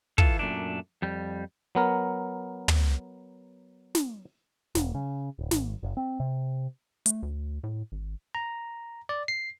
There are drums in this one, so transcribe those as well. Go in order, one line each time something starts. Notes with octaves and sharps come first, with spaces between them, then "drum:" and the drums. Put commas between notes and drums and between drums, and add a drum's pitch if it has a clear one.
E3 F4 A4, drum: kick
F#2 A#2 A3 D4
F2 G3
F#3 B3 A#4
drum: tom
drum: snare
E1, drum: snare
C#3
D1
G#1, drum: snare
F#1
C4
C3
A3, drum: hi-hat
D2
A2
G#1
A#5
D5
C7